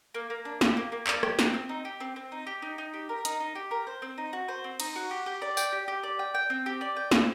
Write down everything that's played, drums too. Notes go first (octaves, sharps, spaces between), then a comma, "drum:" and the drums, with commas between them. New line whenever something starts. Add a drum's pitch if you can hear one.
A#3
A#3
D4
G4, drum: snare
A#3
A#3
D4, drum: clap
G4, drum: rim click
C4, drum: snare
C4
D#4
G4
C4
C4
D#4
G4
D#4
D#4
G4
A#4
D#4, drum: hi-hat
D#4
G4
A#4
C5
C4
D#4
F#4
C5
C4
D#4, drum: cymbal
F#4
G4
G4
D5
G5, drum: tambourine
G4
G4
D5
G5
G5
C4
G4
D5
G5
C4, drum: snare